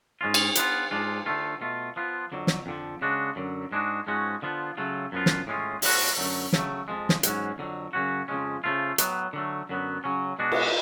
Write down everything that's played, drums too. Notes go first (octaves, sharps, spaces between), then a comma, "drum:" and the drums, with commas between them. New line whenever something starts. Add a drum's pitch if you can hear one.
G#2 G#3 C#4 F4
drum: cymbal
F3 B3 F4, drum: hi-hat
G#2 F3 G#3 D4 F4
D3 F3 A3 F4
B2 A3 F4
F3 B3 F4
F2 D3 F#3
drum: snare
F2 D3 F3
C#3 G#3 D4 F#4
F#2 D3 F#3
G#2 G#3 D4 F#4
G#2 F3 G#3 C#4 F#4
D3 F3 B3 F4
C#3 F#3 A3 F4
F#2 F3 B3 F4
drum: snare
A2 G#3 C#4 F4
A2 F3 B3 F#4, drum: open hi-hat
F#2 D3 F#3 A3
C#3 F#3 A3, drum: snare
F2 F3 G#3
drum: snare
G#2 F#3 C#4, drum: hi-hat
F2 D3 F#3
F#2 C#3 F#3 C#4 F#4
F2 C#3 F3 G#3 C#4
C#3 F3 A3 F4
A2 F#3 B3, drum: hi-hat
D3 F#3 A3
F#2 D3 F#3 B3
C#3 F#3 C#4
B2 G#3 D4 F#4
drum: cymbal